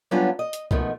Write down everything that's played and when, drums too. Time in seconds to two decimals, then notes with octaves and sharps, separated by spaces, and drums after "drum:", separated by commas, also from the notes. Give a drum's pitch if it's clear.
0.11 F#3 G3 B3 C#4 D4 F4
0.39 D#5
0.53 drum: hi-hat
0.71 G#2 B2 D#3 F3 A3, drum: kick